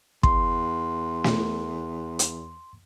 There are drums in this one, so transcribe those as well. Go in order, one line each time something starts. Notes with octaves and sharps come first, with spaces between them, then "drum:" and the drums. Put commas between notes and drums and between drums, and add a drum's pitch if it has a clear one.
E2 C6, drum: kick
drum: snare
drum: hi-hat